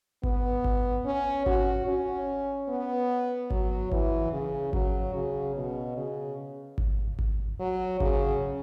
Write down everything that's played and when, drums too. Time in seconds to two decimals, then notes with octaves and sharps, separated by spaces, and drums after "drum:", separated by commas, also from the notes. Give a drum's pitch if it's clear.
0.23 B3, drum: kick G#1
0.64 drum: kick G#1
1.05 C#4
1.46 F#4, drum: kick G#1
1.87 C#4
2.69 B3
3.51 F#3, drum: kick G#1
3.92 E3, drum: kick G#1
4.32 C#3
4.73 F#3, drum: kick G#1
5.14 C#3
5.55 B2
5.96 C#3
6.78 drum: kick G#1
7.19 drum: kick G#1
7.60 F#3
8.00 C#3, drum: kick G#1